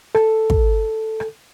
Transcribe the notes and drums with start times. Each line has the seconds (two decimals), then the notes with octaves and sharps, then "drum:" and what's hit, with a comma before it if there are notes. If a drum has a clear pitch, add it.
0.15 A4, drum: rim click
0.50 drum: kick
1.20 drum: rim click